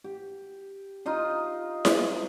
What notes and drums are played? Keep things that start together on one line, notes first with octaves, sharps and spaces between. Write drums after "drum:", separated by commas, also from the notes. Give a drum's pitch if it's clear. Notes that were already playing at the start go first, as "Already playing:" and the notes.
G4
D#4 F4 D#5 C6
drum: snare E4